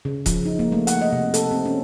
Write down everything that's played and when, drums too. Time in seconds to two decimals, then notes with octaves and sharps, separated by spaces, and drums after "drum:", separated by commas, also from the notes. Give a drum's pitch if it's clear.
0.05 C#3
0.26 F3, drum: kick D#1, hi-hat
0.45 D#4
0.59 A#3
0.72 A3
0.87 F#5, drum: hi-hat
1.01 D#5
1.13 C3
1.34 A4, drum: hi-hat
1.51 C4
1.65 C#4